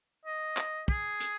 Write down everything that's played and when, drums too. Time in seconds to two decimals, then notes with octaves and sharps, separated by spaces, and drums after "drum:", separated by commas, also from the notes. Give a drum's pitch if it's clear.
0.25 D#5
0.57 drum: clap
0.88 G#4, drum: kick
1.20 drum: hi-hat